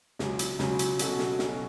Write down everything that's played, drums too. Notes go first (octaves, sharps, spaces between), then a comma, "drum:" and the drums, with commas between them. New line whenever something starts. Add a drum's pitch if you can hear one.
C#2 C#3 F#3 C#4, drum: snare
drum: hi-hat
C#2 C#3 F#3 C#4, drum: snare
drum: hi-hat
B2 F#3 C#4 F#4 A4, drum: hi-hat
drum: snare
B2 F#3 C#4 F#4 A4, drum: snare